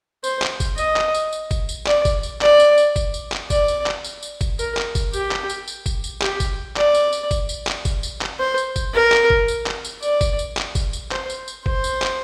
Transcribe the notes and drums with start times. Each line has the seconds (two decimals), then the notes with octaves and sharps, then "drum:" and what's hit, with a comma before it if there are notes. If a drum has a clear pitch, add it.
0.24 C5, drum: tambourine
0.42 drum: clap
0.60 drum: kick F#1, tambourine
0.78 D#5, drum: tambourine
0.96 drum: clap
1.14 drum: tambourine
1.33 drum: tambourine
1.51 drum: kick F#1, tambourine
1.69 drum: tambourine
1.86 D5, drum: clap
2.05 drum: kick F#1, tambourine
2.23 drum: tambourine
2.41 D5, drum: clap
2.59 drum: tambourine
2.78 drum: tambourine
2.96 drum: kick F#1, tambourine
3.14 drum: tambourine
3.32 drum: clap
3.50 D5, drum: kick F#1, tambourine
3.68 drum: tambourine
3.86 drum: clap
4.04 drum: tambourine
4.23 drum: tambourine
4.41 drum: kick F#1, tambourine
4.59 A#4, drum: tambourine
4.77 drum: clap
4.95 drum: kick F#1, tambourine
5.13 G4, drum: tambourine
5.31 drum: clap
5.50 drum: tambourine
5.68 drum: tambourine
5.86 drum: kick F#1, tambourine
6.04 drum: tambourine
6.22 G4, drum: clap
6.40 drum: kick F#1, tambourine
6.76 D5, drum: clap
6.95 drum: tambourine
7.13 drum: tambourine
7.31 drum: kick F#1, tambourine
7.49 drum: tambourine
7.67 drum: clap
7.85 drum: kick F#1, tambourine
8.03 drum: tambourine
8.21 drum: clap
8.40 C5
8.58 drum: tambourine
8.76 drum: kick F#1, tambourine
8.94 A#4
9.12 drum: clap
9.30 drum: kick F#1
9.48 drum: tambourine
9.66 drum: clap
9.85 drum: tambourine
10.03 D5, drum: tambourine
10.21 drum: kick F#1, tambourine
10.39 drum: tambourine
10.57 drum: clap
10.75 drum: kick F#1, tambourine
10.93 drum: tambourine
11.11 C5, drum: clap
11.30 drum: tambourine
11.48 drum: tambourine
11.66 C5, drum: kick F#1
11.84 drum: tambourine
12.02 drum: clap